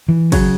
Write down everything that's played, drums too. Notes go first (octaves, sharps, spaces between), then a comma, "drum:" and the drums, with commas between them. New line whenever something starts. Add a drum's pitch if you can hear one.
E3
C#3 F#3, drum: kick, cymbal